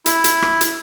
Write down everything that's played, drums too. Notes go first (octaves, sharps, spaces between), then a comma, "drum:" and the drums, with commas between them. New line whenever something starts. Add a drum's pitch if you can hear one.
E4, drum: hi-hat
drum: hi-hat
drum: rim click
drum: hi-hat